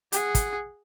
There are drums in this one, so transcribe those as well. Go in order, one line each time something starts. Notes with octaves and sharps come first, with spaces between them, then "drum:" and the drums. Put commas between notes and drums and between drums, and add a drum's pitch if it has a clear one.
G#4 F#5, drum: hi-hat
drum: kick, hi-hat